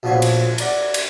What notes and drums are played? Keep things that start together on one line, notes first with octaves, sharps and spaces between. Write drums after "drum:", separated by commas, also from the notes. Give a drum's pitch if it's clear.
A#1 A#2 F3 B3 F#4 C#5
drum: cymbal
A#4 D5 F#5, drum: cymbal
drum: cymbal